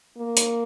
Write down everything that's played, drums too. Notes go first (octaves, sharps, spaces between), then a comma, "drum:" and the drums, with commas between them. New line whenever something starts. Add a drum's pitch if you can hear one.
A#3
drum: hi-hat